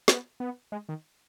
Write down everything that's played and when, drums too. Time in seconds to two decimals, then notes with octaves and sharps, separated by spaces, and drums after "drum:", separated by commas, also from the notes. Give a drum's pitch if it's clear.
0.08 B3, drum: snare
0.40 B3
0.72 G#3
0.89 D#3